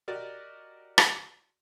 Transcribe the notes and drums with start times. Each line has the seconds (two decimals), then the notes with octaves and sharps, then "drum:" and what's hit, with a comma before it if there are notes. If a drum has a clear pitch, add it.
0.08 F#4 G4 A#4 D5 D#5
0.98 drum: rim click